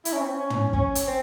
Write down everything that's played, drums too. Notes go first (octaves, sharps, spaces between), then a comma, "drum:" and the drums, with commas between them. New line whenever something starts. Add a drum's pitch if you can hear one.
E4, drum: hi-hat
C#4
C4
C#4
C#4
drum: tom
C#4, drum: kick
drum: hi-hat
C4